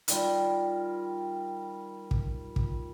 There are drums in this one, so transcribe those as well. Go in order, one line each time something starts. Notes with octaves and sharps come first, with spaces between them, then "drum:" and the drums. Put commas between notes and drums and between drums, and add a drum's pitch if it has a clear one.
D#3 G3 F4, drum: hi-hat
drum: kick
drum: kick